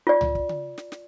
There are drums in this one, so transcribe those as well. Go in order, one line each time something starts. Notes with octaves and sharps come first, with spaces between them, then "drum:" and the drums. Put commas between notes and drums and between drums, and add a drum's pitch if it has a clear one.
F4 D5
drum: tom C#2
drum: kick
drum: tom C#3
drum: snare
drum: snare